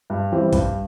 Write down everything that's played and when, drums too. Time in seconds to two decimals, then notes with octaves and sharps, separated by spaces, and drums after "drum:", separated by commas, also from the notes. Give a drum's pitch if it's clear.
0.10 G2
0.32 E3 G3 C4
0.53 G2, drum: kick A#1, hi-hat